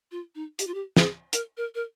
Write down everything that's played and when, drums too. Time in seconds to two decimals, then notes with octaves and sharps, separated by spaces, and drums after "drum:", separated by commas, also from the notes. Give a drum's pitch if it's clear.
0.11 F4
0.35 D#4
0.59 G4, drum: hi-hat
0.67 F4
0.74 G4
0.97 G#4, drum: snare
1.33 A#4, drum: hi-hat
1.57 A#4
1.75 A#4